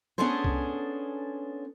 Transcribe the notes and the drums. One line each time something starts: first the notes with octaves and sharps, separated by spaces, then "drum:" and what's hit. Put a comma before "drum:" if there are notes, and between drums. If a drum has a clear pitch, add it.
B3 C#4 D4 G#4 A4 C5
drum: kick C2